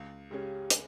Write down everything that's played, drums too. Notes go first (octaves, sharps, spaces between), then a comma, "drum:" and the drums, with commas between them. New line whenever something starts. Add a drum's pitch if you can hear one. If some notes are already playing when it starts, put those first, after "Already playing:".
Already playing: C#2
C#3 G#3 C#4 G4 G#4
drum: hi-hat